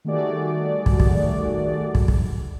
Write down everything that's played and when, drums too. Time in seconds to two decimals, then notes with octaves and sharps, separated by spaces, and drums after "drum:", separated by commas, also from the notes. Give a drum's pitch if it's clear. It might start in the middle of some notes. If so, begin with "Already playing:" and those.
0.05 D#3 G3 A3 F#4 G#4 D5
0.86 drum: kick
1.00 drum: kick
1.95 drum: kick
2.08 drum: kick